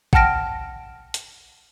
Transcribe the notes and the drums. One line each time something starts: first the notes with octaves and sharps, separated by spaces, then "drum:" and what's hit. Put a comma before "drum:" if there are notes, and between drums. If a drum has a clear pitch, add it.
F#5 G5 A5 F6 A#6 D7, drum: kick A1
drum: hi-hat